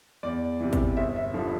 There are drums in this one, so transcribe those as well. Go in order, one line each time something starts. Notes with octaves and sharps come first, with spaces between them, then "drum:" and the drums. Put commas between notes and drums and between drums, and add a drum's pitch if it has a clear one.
E2 D5
C3 E3
drum: kick, hi-hat
G1 E5
E5
G2 D3 F3